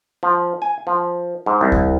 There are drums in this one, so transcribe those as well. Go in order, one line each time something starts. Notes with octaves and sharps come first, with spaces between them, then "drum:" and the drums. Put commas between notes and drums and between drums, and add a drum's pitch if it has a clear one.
F3
G#5
F3
G#2
C2
drum: kick D2